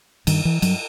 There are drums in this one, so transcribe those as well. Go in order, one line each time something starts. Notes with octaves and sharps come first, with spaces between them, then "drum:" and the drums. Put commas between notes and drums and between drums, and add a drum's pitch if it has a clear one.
G2 D#3, drum: cymbal
E3
G2 F#3, drum: cymbal